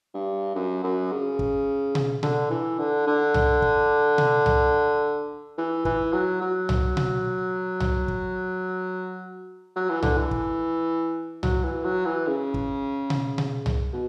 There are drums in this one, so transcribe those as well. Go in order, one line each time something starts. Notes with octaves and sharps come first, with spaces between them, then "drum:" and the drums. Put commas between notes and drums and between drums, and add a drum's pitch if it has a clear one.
G2
F#2
F#2
C#3
drum: kick
drum: tom B2
D3, drum: tom B2
E3
D3
D3
drum: tom C2
drum: kick
drum: tom B2
drum: tom C2
E3
E3, drum: kick
F#3
F#3
drum: tom C2
drum: tom B2
drum: tom C2
drum: kick
F#3
E3
D3, drum: tom C2
E3
drum: kick
F#3, drum: tom C2
E3
F#3
E3
C#3
drum: kick
drum: tom B2
drum: tom B2
drum: tom C2
B2